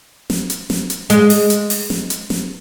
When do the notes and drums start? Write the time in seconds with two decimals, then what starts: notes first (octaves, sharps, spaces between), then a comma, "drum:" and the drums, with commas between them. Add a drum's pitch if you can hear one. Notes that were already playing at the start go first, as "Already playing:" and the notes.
0.30 drum: snare
0.50 drum: hi-hat
0.70 drum: snare
0.90 drum: hi-hat
1.10 G#3, drum: hi-hat
1.30 drum: open hi-hat
1.50 drum: hi-hat
1.70 drum: open hi-hat
1.90 drum: snare
2.10 drum: hi-hat
2.30 drum: snare